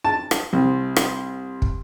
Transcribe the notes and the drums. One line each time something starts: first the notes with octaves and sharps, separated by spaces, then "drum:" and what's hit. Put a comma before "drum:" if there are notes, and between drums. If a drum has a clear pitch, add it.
A5
drum: rim click
C2
drum: rim click
drum: kick